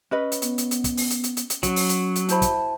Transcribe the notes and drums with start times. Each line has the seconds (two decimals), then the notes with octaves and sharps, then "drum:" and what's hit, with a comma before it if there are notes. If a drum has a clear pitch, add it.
0.11 C#4 B4 D#5
0.32 drum: hi-hat
0.42 B3, drum: hi-hat
0.58 drum: hi-hat
0.71 drum: hi-hat
0.84 drum: kick, hi-hat
0.97 drum: open hi-hat
1.10 drum: hi-hat
1.24 drum: hi-hat
1.37 drum: hi-hat
1.50 drum: hi-hat
1.63 F#3 C#4, drum: kick, hi-hat
1.76 drum: open hi-hat
1.89 drum: hi-hat
2.15 drum: hi-hat
2.29 E4 C5 A5 B5, drum: hi-hat
2.42 drum: kick, hi-hat